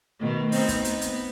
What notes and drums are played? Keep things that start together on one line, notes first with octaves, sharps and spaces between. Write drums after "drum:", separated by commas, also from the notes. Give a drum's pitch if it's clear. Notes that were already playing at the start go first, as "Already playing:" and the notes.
B2 D#3 A3
B3 C4 D#4, drum: open hi-hat
drum: kick, hi-hat
B3, drum: hi-hat
drum: hi-hat